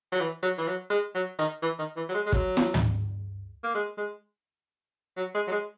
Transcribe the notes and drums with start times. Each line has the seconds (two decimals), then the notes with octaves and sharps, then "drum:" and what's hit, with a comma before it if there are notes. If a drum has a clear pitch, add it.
0.12 F#3
0.20 E3
0.43 F#3
0.58 E3
0.67 F#3
0.90 G#3
1.15 F#3
1.38 D#3
1.62 E3
1.79 D#3
1.96 E3
2.09 F#3
2.14 G#3
2.26 G#3
2.32 F#3, drum: kick
2.57 drum: snare
2.74 drum: tom
3.63 A#3
3.74 G#3
3.98 G#3
5.17 F#3
5.35 G#3
5.47 F#3
5.51 G#3